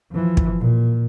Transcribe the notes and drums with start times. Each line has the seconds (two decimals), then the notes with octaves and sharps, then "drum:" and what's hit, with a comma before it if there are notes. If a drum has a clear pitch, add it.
0.12 E3 F3
0.37 drum: kick
0.60 A#2